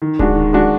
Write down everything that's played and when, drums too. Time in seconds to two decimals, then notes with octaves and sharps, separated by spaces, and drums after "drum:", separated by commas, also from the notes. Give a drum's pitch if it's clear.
0.02 D#3
0.19 G#3 D4 F#4, drum: kick D1
0.35 D#3
0.53 G#3 D4 F#4